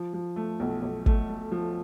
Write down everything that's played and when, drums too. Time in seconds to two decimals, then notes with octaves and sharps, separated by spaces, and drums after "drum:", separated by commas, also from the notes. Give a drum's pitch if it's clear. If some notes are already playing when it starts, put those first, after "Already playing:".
Already playing: F3
0.13 F3
0.36 A3
0.60 B1
0.83 B1
1.06 A3, drum: kick
1.29 A3
1.52 F3